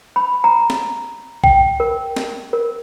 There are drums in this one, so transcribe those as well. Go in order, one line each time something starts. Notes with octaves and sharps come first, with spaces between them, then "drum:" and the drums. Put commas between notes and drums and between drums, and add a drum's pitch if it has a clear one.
B5
A#5
drum: snare
G5, drum: kick B1
A#4
drum: snare
A#4